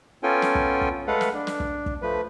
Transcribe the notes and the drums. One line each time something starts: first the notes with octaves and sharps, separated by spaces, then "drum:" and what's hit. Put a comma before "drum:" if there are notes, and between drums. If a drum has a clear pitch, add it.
B3 C#4 F4 A4 G5 G#5
drum: snare
drum: kick
drum: kick
G#3 A3 A4 B4 F5 F#5
drum: snare
D4
drum: snare
drum: kick
drum: kick
F3 A3 B4